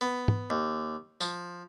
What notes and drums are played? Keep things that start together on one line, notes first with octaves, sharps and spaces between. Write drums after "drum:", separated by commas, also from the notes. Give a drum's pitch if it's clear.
B3
drum: tom
D#2
F3, drum: tambourine